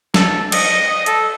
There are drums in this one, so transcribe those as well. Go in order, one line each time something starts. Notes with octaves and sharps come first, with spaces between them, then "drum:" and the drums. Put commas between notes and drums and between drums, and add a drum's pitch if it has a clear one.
A4, drum: snare
D#5, drum: cymbal
A4, drum: hi-hat